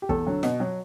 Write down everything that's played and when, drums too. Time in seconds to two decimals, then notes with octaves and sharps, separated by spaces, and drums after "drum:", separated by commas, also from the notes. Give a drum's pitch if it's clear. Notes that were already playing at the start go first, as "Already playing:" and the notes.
0.02 G4
0.09 E2 A4, drum: kick
0.26 D3 F#3
0.43 B2, drum: snare
0.60 F#3